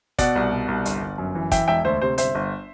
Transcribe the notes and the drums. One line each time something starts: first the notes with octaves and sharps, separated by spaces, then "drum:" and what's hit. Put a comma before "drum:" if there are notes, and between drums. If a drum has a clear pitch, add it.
B2 D5 F#5, drum: kick, hi-hat
C2
B2
C2
G1, drum: hi-hat
G1
F#2
E3
E3 E5 G5, drum: kick, hi-hat
E1 E5 G5
D2 C5 E5
C3 C5
G1 C5 E5, drum: hi-hat
G1